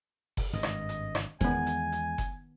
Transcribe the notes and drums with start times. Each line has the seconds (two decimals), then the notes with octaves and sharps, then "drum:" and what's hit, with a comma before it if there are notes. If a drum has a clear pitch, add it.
0.37 drum: kick F#1, open hi-hat
0.53 G#1 G2 D#5
0.63 drum: rim click
0.89 drum: hi-hat
1.15 drum: rim click
1.41 E2 D#3 G#3 B3 G#5, drum: kick F#1, hi-hat
1.66 drum: hi-hat
1.92 drum: hi-hat
2.18 drum: kick F#1, hi-hat